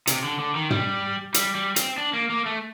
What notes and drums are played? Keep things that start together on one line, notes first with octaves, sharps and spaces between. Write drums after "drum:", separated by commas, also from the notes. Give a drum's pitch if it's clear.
C3, drum: hi-hat
D3
D3
D#3
G3, drum: tom
G3, drum: hi-hat
G3
C4, drum: hi-hat
D4
A#3
A#3
A3